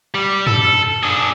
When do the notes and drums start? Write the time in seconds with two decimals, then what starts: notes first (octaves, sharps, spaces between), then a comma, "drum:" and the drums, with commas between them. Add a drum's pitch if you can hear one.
0.14 G3
0.47 A4, drum: tom F#2
1.03 D4 G#4